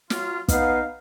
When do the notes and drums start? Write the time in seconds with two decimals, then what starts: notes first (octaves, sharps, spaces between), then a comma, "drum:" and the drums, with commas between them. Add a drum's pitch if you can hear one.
0.10 F#3 F4, drum: snare
0.48 B3 D#4 F5, drum: kick, hi-hat